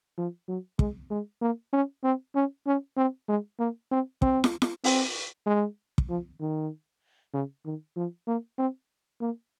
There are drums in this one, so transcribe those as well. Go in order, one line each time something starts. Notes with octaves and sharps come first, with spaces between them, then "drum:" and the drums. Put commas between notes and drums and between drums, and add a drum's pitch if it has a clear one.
F3
F#3
G#3, drum: kick
G#3
A#3
C#4
C4
C#4
C#4
C4
G#3
A#3
C4
C4, drum: kick
drum: snare
drum: snare
C4, drum: open hi-hat
G#3
drum: kick
F3
D#3
C#3
D#3
F3
A#3
C4
A#3